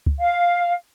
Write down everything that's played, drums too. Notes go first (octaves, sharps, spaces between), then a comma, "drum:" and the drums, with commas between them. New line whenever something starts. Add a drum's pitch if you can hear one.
drum: kick
F5